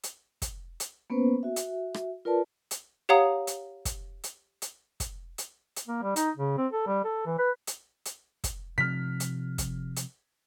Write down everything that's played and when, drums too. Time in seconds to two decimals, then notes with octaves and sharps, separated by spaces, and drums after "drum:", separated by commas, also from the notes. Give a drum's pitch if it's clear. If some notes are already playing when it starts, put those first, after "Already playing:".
0.03 drum: hi-hat
0.42 drum: kick, hi-hat
0.80 drum: hi-hat
1.10 A#3 B3 C#4 B4 C5
1.43 F#4 E5
1.56 drum: hi-hat
1.94 drum: rim click
2.25 F4 A#4 B4 D5 A5
2.71 drum: hi-hat
3.09 G4 C#5 F5 F#5 A#5 D#6
3.47 drum: hi-hat
3.85 drum: kick, hi-hat
4.24 drum: hi-hat
4.62 drum: hi-hat
5.00 drum: kick, hi-hat
5.38 drum: hi-hat
5.76 drum: hi-hat
5.88 A#3
6.02 G3
6.16 D#4, drum: hi-hat
6.37 C#3
6.58 C4
6.73 A4
6.87 G3
7.05 A4
7.26 E3
7.38 B4
7.67 drum: hi-hat
8.05 drum: hi-hat
8.44 drum: kick, hi-hat
8.78 C3 F3 F6 B6
9.20 drum: hi-hat
9.58 drum: kick, hi-hat
9.96 drum: hi-hat